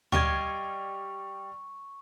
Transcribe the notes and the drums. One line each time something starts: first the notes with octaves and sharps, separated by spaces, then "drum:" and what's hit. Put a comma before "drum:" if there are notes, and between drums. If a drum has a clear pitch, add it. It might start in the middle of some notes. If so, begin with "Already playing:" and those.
G3 G4 D#5 F5 C#6 G#6, drum: tom D2